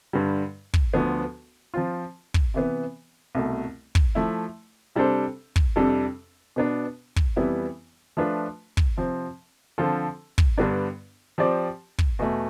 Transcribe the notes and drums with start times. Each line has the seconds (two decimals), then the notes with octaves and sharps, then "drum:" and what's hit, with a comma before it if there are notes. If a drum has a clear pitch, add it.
0.13 G2 D3 G3
0.74 drum: kick
0.94 D2 D3 F3 B3
1.74 F3 C4 F4
2.34 drum: kick
2.54 C3 E3 B3
3.35 C2 B2 A3
3.95 drum: kick
4.15 F3 A3 E4
4.95 C3 G3 D4 A4 C5
5.56 drum: kick
5.76 F2 C3 G3 D4 A4
6.56 B2 B3 D4
7.16 drum: kick
7.36 F2 E3 G3 B3 E4
8.17 F3 A3 D4 F4 B4
8.77 drum: kick
8.97 C3 F3 C4
9.78 D3 F3 C4 F4 A4
10.38 drum: kick
10.58 G2 D3 G3 B3 D4
11.38 F3 C4 G4 D5
11.98 drum: kick
12.19 E2 B2 A3